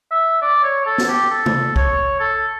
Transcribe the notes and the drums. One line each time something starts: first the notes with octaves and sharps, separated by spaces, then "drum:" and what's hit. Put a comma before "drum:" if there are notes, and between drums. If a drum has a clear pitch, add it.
E5
D5
C#5
A4
drum: snare
G4
A4
drum: tom C3
C#5, drum: kick
A4